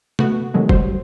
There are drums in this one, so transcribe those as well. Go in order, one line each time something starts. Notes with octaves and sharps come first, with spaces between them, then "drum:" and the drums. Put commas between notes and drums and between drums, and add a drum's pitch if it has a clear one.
A3 B3 F#4, drum: tom C3
C3 D#3 F#3 G#3 A3
F#3 G3 C5, drum: kick F1